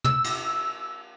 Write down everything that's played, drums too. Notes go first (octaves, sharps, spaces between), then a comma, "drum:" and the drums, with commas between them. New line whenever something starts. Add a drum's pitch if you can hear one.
E6, drum: tom
drum: cymbal